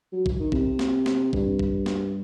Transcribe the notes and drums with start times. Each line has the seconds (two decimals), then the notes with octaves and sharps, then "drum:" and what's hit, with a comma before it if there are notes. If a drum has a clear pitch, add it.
0.12 F#3
0.26 drum: kick
0.40 D#3
0.52 C3, drum: kick
0.79 drum: snare
1.06 drum: snare
1.33 G2, drum: kick
1.59 drum: kick
1.86 drum: snare